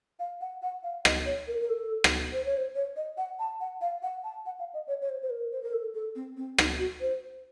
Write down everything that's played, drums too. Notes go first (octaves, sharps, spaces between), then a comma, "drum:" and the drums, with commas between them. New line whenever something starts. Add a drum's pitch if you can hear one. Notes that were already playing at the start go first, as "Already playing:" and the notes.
F5
F#5
F#5
F5
D#5, drum: rim click
C#5
A#4
A#4
A4
drum: rim click
C5
C#5
C5
C#5
D#5
F#5
A5
F#5
F5
F#5
A5
F#5
F5
D#5
C#5
C#5
C5
C5
A#4
C5
A#4
A4
A4
C4
C4
D#4, drum: rim click
F#4
C5